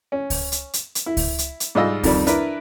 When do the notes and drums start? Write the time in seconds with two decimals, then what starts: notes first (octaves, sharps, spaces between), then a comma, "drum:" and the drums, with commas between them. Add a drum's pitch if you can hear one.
0.12 C#4
0.30 drum: kick C#2, open hi-hat
0.52 drum: hi-hat
0.74 drum: hi-hat
0.95 drum: hi-hat
1.06 E4
1.17 drum: kick C#2, open hi-hat
1.38 drum: hi-hat
1.60 drum: hi-hat
1.75 G#2 G3 F4 D#5 E6
2.03 F2 D#3 G3, drum: kick C#2, open hi-hat
2.27 D4 E4 A#4 B4, drum: hi-hat